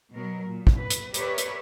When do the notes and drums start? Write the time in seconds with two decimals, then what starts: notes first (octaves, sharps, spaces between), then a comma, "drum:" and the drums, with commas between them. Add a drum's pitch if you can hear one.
0.16 B2 F#3 A#4
0.48 A#2
0.67 drum: kick
0.78 B4
0.90 drum: hi-hat
1.14 G4 A#4 B4 C#5 D5 E5, drum: hi-hat
1.38 drum: hi-hat